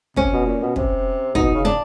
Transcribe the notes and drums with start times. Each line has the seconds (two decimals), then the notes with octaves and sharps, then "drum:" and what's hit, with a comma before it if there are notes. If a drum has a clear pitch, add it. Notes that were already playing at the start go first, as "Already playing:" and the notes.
0.16 C3 C#4, drum: kick
0.32 B2
0.46 A#2
0.61 B2
0.76 C3, drum: kick
1.35 B2 D#4, drum: kick
1.55 C#3
1.65 D4